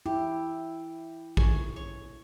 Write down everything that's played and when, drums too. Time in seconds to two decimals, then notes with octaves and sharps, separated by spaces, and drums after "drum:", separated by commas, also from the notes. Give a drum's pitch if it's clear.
0.06 E4 G4
1.37 G#5 C#6, drum: kick A1
1.76 C#5